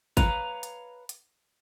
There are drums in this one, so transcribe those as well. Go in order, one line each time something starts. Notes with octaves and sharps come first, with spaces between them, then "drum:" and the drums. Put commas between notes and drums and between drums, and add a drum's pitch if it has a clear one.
B4 C#5 F5 A#5, drum: kick G#1, hi-hat
drum: hi-hat
drum: hi-hat